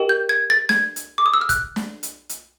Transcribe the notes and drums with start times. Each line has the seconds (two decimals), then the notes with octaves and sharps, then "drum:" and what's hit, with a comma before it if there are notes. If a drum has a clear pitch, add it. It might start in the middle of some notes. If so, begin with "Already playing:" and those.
Already playing: G4 A#4 D#5 G5
0.09 G6
0.29 G#6
0.50 A6
0.69 G#6, drum: snare
0.96 drum: hi-hat
1.18 D6
1.26 D#6
1.34 E6
1.41 F6
1.49 F#6, drum: kick, hi-hat
1.76 drum: snare
2.03 drum: hi-hat
2.29 drum: hi-hat